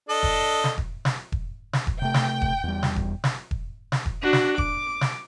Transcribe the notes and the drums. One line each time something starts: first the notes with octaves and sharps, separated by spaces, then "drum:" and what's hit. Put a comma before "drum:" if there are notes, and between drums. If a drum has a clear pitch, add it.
D4 A4 D#5
drum: kick E1
drum: snare
drum: kick E1
drum: snare
drum: kick E1
drum: snare
drum: kick E1
C3 A3 G5
drum: snare
drum: kick E1
E2 G3
drum: snare
drum: kick E1
drum: snare
drum: kick E1
drum: snare
drum: kick E1
D4 F#4
drum: snare
D6, drum: kick E1
drum: snare